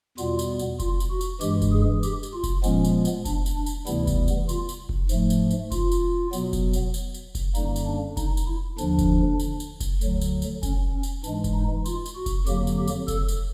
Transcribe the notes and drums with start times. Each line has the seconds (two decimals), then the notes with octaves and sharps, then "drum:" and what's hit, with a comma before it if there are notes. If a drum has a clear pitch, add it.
0.18 E2 B2 G3 B3 F4, drum: tambourine
0.39 drum: tambourine
0.59 drum: tambourine
0.80 F4, drum: kick F1, tambourine
1.00 drum: tambourine
1.10 F#4
1.21 drum: tambourine
1.41 G2 E3 G#3 G4, drum: tambourine
1.62 drum: kick F1, tambourine
1.72 G#4
2.03 G4, drum: tambourine
2.23 drum: tambourine
2.33 F4
2.44 drum: kick F1, tambourine
2.64 A#2 F3 G#3 B3 C#4, drum: tambourine
2.84 drum: tambourine
3.05 drum: tambourine
3.25 D4, drum: kick F1, tambourine
3.46 drum: tambourine
3.56 D4
3.66 drum: tambourine
3.87 D2 C3 E3 G3 B3 E4, drum: tambourine
4.07 drum: kick F1, tambourine
4.28 drum: tambourine
4.49 F4, drum: tambourine
4.69 drum: tambourine
4.89 drum: kick F1
5.09 G#2 F3 A3, drum: tambourine
5.30 drum: tambourine
5.51 drum: tambourine
5.72 F4, drum: kick F1, tambourine
5.92 drum: tambourine
6.33 B2 F#3 B3, drum: tambourine
6.53 drum: kick F1, tambourine
6.73 drum: tambourine
6.94 drum: tambourine
7.14 drum: tambourine
7.35 drum: kick F1, tambourine
7.55 F#2 D3 G3 A#3 D#4, drum: tambourine
7.76 drum: tambourine
7.86 D4
8.17 D#4, drum: kick F1, tambourine
8.37 drum: tambourine
8.47 E4
8.78 D#2 D3 F3 D4, drum: tambourine
8.99 drum: kick F1, tambourine
9.40 drum: tambourine
9.60 drum: tambourine
9.80 drum: kick F1, tambourine
10.01 D2 D3 F#3, drum: tambourine
10.21 drum: tambourine
10.42 drum: tambourine
10.63 C#4, drum: kick F1, tambourine
10.93 C#4
11.03 drum: tambourine
11.24 G#2 E3 G#3 D4, drum: tambourine
11.44 drum: kick F1, tambourine
11.55 D#4
11.86 F4, drum: tambourine
12.06 drum: tambourine
12.15 F#4
12.26 drum: kick F1, tambourine
12.47 F2 D3 F#3 A#3 G4, drum: tambourine
12.67 drum: tambourine
12.78 G4
12.88 drum: tambourine
13.08 A4, drum: kick F1, tambourine
13.28 drum: tambourine